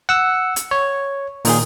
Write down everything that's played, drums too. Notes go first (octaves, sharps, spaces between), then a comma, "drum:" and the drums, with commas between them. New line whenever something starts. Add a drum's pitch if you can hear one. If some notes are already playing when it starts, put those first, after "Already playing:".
F#5 E6
drum: hi-hat
C#5
A#2 D#3 G#4, drum: open hi-hat